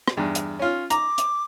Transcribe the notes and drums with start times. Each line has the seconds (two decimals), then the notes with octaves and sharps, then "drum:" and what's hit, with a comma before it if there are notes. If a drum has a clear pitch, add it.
0.08 drum: rim click
0.17 E2 G2
0.35 drum: hi-hat
0.59 C#4 F4
0.90 A#5 D6, drum: hi-hat
1.18 drum: hi-hat